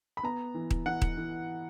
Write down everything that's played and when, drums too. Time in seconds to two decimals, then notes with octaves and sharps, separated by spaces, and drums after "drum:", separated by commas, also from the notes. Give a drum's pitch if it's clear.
0.17 B5
0.23 B3 A#5
0.54 E3
0.71 drum: kick D#1
0.86 E3 F#5
1.02 drum: kick D#1
1.17 E3